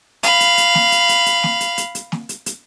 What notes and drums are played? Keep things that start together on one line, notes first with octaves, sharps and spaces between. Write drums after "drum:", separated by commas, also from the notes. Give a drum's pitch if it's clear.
F5 B5, drum: hi-hat
drum: hi-hat
drum: hi-hat
drum: snare
drum: hi-hat
drum: hi-hat
drum: hi-hat
drum: snare
drum: hi-hat
drum: hi-hat
drum: hi-hat
drum: snare
drum: hi-hat
drum: hi-hat